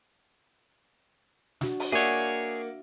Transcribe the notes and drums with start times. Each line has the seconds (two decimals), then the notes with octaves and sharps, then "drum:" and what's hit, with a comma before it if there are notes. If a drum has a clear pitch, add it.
1.61 D4 F#4, drum: snare
1.80 drum: open hi-hat
1.92 A#3 G#4 C#5 D5 E5 F#5